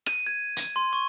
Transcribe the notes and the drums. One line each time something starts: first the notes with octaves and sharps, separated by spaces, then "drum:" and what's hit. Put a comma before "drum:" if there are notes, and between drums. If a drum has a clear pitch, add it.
D#7, drum: rim click
G#6
drum: hi-hat
C6
C#6